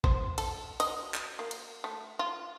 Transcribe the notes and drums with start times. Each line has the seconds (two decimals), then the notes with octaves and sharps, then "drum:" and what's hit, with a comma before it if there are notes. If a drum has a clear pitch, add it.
0.04 C5, drum: kick
0.38 A4, drum: cymbal
0.80 D#5, drum: cymbal
1.14 drum: clap
1.39 A#3
1.51 drum: cymbal
1.84 A3
2.19 F4